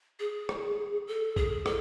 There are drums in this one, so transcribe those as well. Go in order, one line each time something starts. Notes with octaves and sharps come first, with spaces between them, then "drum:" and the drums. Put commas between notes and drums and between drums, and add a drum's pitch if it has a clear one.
G#4
drum: rim click
A4
G#4, drum: kick A#1
A4, drum: rim click